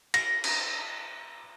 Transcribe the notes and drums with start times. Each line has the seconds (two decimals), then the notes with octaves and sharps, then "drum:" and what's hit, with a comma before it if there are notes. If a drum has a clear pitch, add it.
0.14 A#6, drum: cymbal
0.44 drum: cymbal